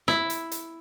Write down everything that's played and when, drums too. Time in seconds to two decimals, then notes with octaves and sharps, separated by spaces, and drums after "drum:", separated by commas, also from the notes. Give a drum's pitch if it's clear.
0.08 E4, drum: snare
0.30 drum: hi-hat
0.52 drum: hi-hat